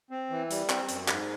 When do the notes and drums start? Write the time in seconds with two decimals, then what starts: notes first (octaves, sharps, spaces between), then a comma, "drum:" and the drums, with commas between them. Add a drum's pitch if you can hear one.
0.11 C4
0.30 E3
0.50 G3, drum: hi-hat
0.70 C4, drum: clap
0.88 F#2, drum: hi-hat
1.08 G#2, drum: clap